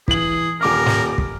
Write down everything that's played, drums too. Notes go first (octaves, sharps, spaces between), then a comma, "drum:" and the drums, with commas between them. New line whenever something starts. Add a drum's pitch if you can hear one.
E3 G#4 F#7, drum: kick
D#1 A#4 D6 F6
drum: snare
drum: kick